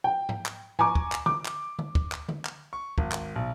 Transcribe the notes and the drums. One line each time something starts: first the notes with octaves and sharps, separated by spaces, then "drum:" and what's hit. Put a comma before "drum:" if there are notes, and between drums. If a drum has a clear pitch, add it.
G5
drum: tom G#2
drum: clap
G#5 A#5 C#6 D6, drum: tom G#2
drum: kick
drum: clap
D6, drum: tom D3
drum: clap
drum: tom D3
drum: kick
drum: clap
drum: tom D3
drum: clap
C#6
G#1, drum: kick
drum: clap
B1